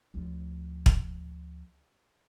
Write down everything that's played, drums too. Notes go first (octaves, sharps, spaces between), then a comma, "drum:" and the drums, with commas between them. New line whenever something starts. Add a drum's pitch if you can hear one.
D2 F3
drum: kick